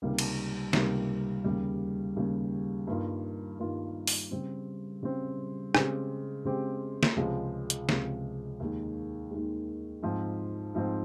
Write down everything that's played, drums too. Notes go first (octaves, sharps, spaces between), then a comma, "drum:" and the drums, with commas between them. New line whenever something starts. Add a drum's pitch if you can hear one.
C#2 C3 D#3 G3 A#3
drum: cymbal
C#2 C3 D#3 G3 A#3, drum: snare
D#2 C#3 G3
D#2 C#3 G3
G2 D#3 A#3 F4
G2 D#3 A#3 F4
drum: open hi-hat
C#3 G3 C4
C#3 G3 C4
C#3 G#3 C4 G4, drum: rim click
C#3 G#3 C4 G4
drum: snare
C#2 C3 F3 G#3
drum: hi-hat
C#2 C3 F3 G#3, drum: snare
D#2 D#3 G#3
D#2 D#3 G#3
G#2 F3 C4
G#2 F3 C4